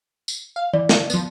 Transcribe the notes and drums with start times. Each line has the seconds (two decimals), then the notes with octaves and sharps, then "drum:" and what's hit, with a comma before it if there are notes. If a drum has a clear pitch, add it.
0.28 drum: tambourine
0.56 F5
0.74 E3 D5
0.89 drum: snare
1.10 F3 B3, drum: tambourine